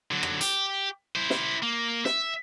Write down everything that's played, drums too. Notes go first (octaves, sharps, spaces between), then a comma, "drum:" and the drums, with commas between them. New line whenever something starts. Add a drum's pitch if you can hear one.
D3 F#3
drum: rim click
G4, drum: hi-hat
E4 C5
drum: snare
A#3
E5, drum: snare